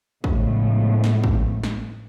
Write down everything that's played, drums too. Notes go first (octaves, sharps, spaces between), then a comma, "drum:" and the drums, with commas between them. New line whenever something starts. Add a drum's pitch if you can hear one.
A2 C#3 F3 G#3 A3 B3, drum: kick
drum: snare
drum: kick
drum: snare